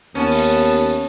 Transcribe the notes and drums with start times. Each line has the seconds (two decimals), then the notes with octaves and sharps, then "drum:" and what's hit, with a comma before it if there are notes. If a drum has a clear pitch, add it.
0.15 D#2 B3 C#4 A5
0.32 drum: open hi-hat